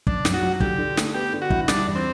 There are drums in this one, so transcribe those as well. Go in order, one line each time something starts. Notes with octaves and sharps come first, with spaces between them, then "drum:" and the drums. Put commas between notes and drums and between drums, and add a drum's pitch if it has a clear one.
F#2 D4, drum: kick
F#2, drum: snare
F#4
F#3
D3 G4, drum: kick
D3
A3, drum: snare
B3 G4
D3
F#4
E4, drum: kick
G3 D4, drum: snare
E2
C4